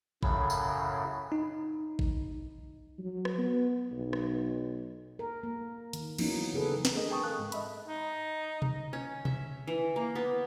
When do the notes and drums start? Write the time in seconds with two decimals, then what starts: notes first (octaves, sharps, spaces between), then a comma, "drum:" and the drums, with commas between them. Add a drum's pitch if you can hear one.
0.23 F#2 A2 C#3 B5, drum: kick A1
0.50 drum: tambourine
1.32 D#4
1.99 drum: kick A1
2.99 F#3
3.25 drum: rim click
3.38 B3
3.92 B1
4.13 drum: rim click
5.19 A#4
5.43 A#3
5.93 D#3, drum: hi-hat
6.18 E3 F#3 A#3 B3 C#4 D#4, drum: cymbal
6.54 C#3 G#4 A4 B4
6.85 drum: snare
6.95 A3 C4 D4 G#4 A#4 D#5
7.10 G#4 B4 G5 A5 C#6 D#6
7.24 A4 A#4 F5 A5 F#6
7.39 G#2 G#3
7.52 D#5 E5 B5, drum: hi-hat
7.86 D#4
8.62 drum: tom
8.93 C#4
9.25 E5, drum: tom
9.67 E3
9.96 A#3
10.15 B3